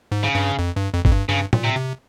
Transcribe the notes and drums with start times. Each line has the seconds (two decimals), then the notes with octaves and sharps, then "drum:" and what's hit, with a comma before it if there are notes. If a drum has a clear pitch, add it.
0.12 G#2
0.24 C#3
0.35 G2
0.59 F2
0.76 G2
0.94 F2
1.05 F2, drum: kick
1.12 G2
1.29 G2 C#3
1.53 A#2, drum: tom A2
1.64 C3
1.76 C3